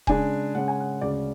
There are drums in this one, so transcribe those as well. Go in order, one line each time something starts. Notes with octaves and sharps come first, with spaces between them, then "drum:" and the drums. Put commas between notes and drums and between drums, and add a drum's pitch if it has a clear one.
C#3 G#3 D4 G#5, drum: kick D#1
C#3 G#3 C#4 F#5
G#5
F#5
D2 C#3 G#3 C#4 D5